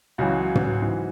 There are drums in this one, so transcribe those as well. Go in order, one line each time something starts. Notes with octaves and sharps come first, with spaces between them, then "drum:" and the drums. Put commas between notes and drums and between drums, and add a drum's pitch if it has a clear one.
C#2 C#3 E3 F#3 F#4
drum: tom
G#2 E3